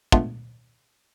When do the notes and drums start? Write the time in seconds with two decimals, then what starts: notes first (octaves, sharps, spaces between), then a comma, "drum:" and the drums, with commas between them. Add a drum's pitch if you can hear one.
0.12 G#3 A3 B3 D4 F4, drum: kick